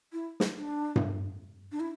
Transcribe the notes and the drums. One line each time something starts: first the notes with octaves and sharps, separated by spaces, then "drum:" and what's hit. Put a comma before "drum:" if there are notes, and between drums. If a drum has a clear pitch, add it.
E4
drum: snare
D4
drum: tom G2
D4
E4